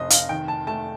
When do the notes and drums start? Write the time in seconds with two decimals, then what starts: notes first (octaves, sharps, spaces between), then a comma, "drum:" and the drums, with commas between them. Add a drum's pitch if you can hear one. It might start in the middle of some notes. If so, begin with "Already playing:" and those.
Already playing: F1 D#5
0.10 F5, drum: hi-hat
0.29 D#3 G5
0.48 A5
0.67 A3 A5